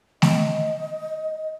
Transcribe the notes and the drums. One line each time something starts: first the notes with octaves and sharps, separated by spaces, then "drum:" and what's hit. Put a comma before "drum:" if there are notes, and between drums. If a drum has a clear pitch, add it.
D#5, drum: snare A3